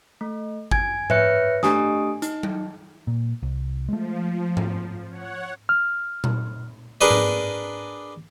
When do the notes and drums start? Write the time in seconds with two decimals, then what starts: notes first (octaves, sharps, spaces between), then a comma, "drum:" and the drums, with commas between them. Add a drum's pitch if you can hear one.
0.21 A3
0.71 G#5 G#6, drum: kick G#1
1.10 B4 C#5 E5 F#6 C#7, drum: tom G#2
1.63 A3 D4 G4 G#5 D#6, drum: snare
2.22 D#4, drum: hi-hat
2.43 drum: tom F#3
3.07 A#2
3.43 C2
3.88 F3 G#3 A3
4.57 drum: tom G#2
5.10 C#5 F#5
5.69 F6
6.24 drum: tom A#2
7.01 D4 G#4 A#4 B4 D5 D#5
7.11 drum: tom G#2